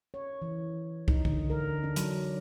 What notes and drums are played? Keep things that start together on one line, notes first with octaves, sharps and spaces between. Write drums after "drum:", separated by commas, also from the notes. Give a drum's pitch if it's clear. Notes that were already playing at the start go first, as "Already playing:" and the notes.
C#5
E3
D#4, drum: kick
D3, drum: kick
A#4
D4
F#3, drum: hi-hat